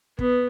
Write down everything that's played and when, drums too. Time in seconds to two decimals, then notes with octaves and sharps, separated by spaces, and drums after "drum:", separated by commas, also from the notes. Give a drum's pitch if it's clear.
0.19 B3, drum: kick